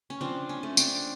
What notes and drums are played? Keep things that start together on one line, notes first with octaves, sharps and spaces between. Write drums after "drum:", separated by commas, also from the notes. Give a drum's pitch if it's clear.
C#4
F3 C4 D4
C#4
A3
C4 D4, drum: tambourine